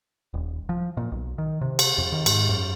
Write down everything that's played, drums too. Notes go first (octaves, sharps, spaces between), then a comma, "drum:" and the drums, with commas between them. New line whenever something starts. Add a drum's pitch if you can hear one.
D#1
F3
A#2
B1
D#3
C3
drum: cymbal
F2
D#3
G#2, drum: cymbal
F#2